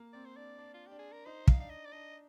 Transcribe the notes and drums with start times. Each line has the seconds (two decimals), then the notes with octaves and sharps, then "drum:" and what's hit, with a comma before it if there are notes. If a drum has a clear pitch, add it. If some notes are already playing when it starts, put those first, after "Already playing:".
Already playing: A#3
0.13 C4 D5
0.25 C5
0.36 D4 D5
0.58 D4
0.74 F4
0.87 D4 G4
0.99 G#4
1.12 A#4
1.26 D#4 C5
1.48 F5, drum: kick
1.59 D4 F5
1.70 D#5
1.85 D5
1.92 D4 D#5